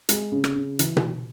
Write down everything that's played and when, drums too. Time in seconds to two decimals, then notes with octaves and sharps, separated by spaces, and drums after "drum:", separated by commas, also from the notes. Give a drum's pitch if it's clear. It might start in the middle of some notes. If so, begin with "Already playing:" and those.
0.09 G#3, drum: hi-hat
0.32 C#3
0.44 drum: rim click
0.55 C#3
0.79 E3, drum: hi-hat
0.97 drum: tom B2